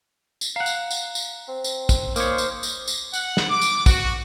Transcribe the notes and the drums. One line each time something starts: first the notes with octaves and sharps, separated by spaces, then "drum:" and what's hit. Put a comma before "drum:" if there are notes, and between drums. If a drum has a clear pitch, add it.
drum: tambourine
F5 F#5 A#5
drum: tambourine
drum: tambourine
drum: tambourine
C4
drum: tambourine
drum: kick, tambourine
D#3 A#3 C5 C#5 D6 D#6 F6, drum: tambourine
drum: tambourine
drum: tambourine
drum: tambourine
F#5, drum: tambourine
drum: snare
D6
drum: tambourine
F#4, drum: kick, tambourine